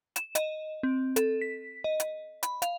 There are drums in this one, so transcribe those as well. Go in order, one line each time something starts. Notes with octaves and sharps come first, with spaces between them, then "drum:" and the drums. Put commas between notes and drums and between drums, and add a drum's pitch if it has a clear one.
E7, drum: hi-hat
D#5, drum: hi-hat
C4
A4, drum: hi-hat
B6
D#5
drum: hi-hat
B5, drum: hi-hat
F5, drum: hi-hat